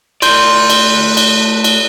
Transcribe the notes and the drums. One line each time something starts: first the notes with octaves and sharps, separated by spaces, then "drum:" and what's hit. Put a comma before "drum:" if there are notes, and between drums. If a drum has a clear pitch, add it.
A3 B4 D5 C6 G6, drum: cymbal
drum: cymbal
drum: cymbal
drum: cymbal